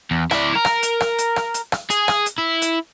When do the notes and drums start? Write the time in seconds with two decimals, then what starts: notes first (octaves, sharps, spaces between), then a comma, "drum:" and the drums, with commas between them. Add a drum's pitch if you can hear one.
0.11 E2
0.31 E4 D5, drum: rim click
0.56 A#4
0.65 drum: rim click
0.83 drum: hi-hat
1.00 drum: rim click
1.18 drum: hi-hat
1.36 drum: rim click
1.54 drum: hi-hat
1.72 drum: rim click
1.90 G#4, drum: hi-hat
2.08 drum: rim click
2.26 drum: hi-hat
2.38 E4
2.62 drum: hi-hat